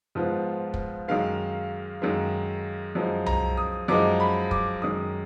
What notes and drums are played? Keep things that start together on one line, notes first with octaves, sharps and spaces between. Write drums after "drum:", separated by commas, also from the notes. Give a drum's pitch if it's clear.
G#2 F3 B3 F4
drum: kick
F#2 D#3 G#3 F5
F#2 D#3 G#3
F#2 F3 G#3 D#4
A#5, drum: tom C2
D#6
F#2 F3 G#3 D#4 D6
B5
D6, drum: kick
F#2 D#3 G#3 D#6